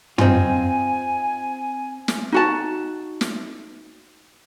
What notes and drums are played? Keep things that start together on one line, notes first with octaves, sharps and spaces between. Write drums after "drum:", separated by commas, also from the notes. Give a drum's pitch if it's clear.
C4 D#4 F4 G#5, drum: tom
drum: snare
D#4 F#4 A5
drum: snare